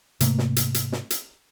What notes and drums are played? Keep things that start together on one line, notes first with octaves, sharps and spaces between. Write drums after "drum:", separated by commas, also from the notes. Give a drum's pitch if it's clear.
G#2 C3 A3 A#3, drum: hi-hat
drum: snare
drum: hi-hat
drum: hi-hat
drum: snare
drum: hi-hat